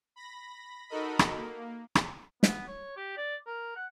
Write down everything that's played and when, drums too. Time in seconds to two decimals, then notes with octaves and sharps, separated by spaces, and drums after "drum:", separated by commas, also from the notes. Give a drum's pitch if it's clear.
0.16 B5 A#6
0.89 D#4 F#4 A4 A#4 D#5 B5
1.19 drum: rim click
1.36 A#3
1.95 drum: rim click
2.43 B3, drum: snare
2.68 C#5
2.97 G4
3.17 D5
3.47 A#4
3.76 F#5